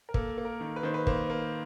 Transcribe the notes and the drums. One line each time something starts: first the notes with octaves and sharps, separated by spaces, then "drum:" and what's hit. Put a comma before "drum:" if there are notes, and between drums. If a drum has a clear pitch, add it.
A#4
A#3 A4, drum: kick
A#3
A#4
D#3
B4
D#3 C5
B4
A#3 C5, drum: kick
A#3